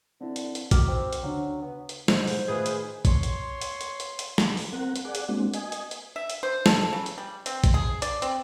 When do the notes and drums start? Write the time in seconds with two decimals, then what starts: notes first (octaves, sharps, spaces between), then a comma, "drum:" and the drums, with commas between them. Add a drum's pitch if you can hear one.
0.21 D3 C4 E4
0.36 drum: hi-hat
0.55 drum: hi-hat
0.71 D#3 F#4 D6 F6, drum: kick, hi-hat
0.88 C4
1.13 drum: hi-hat
1.23 D2 C#3 F#3 D4
1.62 B3
1.89 drum: hi-hat
2.08 G#2 B2 F#3 D#4 C5, drum: snare
2.27 drum: open hi-hat
2.48 A2 D#3 F4 G#4 B4
2.66 drum: hi-hat
3.05 C#5 C6, drum: kick, hi-hat
3.23 drum: hi-hat
3.61 drum: hi-hat
3.81 drum: hi-hat
4.00 drum: hi-hat
4.19 drum: hi-hat
4.38 drum: snare
4.57 drum: open hi-hat
4.73 C4 A#4 F#5
4.96 drum: hi-hat
5.05 G#4 D5 F#5
5.15 drum: hi-hat
5.29 G#3 A#3 C4 D4 F#4
5.54 D#5 G#5, drum: hi-hat
5.72 drum: hi-hat
5.91 drum: hi-hat
6.16 E5
6.30 drum: hi-hat
6.43 C5
6.66 A4, drum: snare
6.93 C#3
7.06 drum: hi-hat
7.18 G3
7.46 C4, drum: hi-hat
7.64 drum: kick, hi-hat
7.74 G#4
8.02 D5, drum: hi-hat
8.22 C4, drum: hi-hat